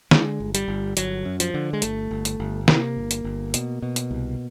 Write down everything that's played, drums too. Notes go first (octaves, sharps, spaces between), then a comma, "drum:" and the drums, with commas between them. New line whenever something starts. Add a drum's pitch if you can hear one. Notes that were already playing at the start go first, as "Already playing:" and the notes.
D3 G#3, drum: snare
G1
G3, drum: hi-hat
G1
G1 F#3, drum: hi-hat
F#2
F3, drum: hi-hat
D3
G#3
G1 A3, drum: hi-hat
G1
drum: hi-hat
G1
C3 A#3, drum: snare
G1
drum: hi-hat
G1
B2, drum: hi-hat
B2
drum: hi-hat
C2